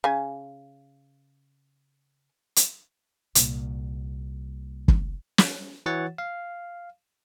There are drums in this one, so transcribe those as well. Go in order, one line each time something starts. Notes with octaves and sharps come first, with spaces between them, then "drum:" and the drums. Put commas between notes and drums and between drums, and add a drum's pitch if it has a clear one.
C#3 G#5
drum: hi-hat
C2 A#2, drum: hi-hat
drum: kick
drum: snare
E3 F#4 C#5 F#5 A6
F5